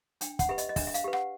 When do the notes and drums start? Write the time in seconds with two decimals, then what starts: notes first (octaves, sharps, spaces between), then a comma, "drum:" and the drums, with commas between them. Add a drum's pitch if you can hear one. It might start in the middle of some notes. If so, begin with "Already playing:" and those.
0.21 D4 G5, drum: hi-hat
0.39 F#5, drum: kick, hi-hat
0.49 G4 B4 E5
0.58 D#5, drum: hi-hat
0.69 D#5
0.76 D4 E5, drum: kick, open hi-hat
0.87 E5
0.94 F5, drum: hi-hat
1.04 G4 B4
1.13 F#5, drum: rim click